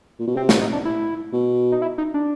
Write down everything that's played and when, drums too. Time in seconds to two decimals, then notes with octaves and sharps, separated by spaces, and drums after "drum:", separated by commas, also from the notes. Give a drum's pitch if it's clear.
0.19 A#2
0.27 B2
0.36 C3 C4
0.49 C#4, drum: snare
0.61 D#4
0.73 D4
0.85 E4
1.33 B2
1.72 D#4
1.82 E4
1.98 D#4
2.14 D4